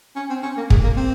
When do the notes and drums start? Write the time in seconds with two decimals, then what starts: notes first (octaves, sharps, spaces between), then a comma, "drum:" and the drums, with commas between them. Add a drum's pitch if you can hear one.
0.16 C#4
0.30 C4
0.43 C#4
0.57 A#3
0.70 G#3, drum: kick
0.83 A#3
0.97 C4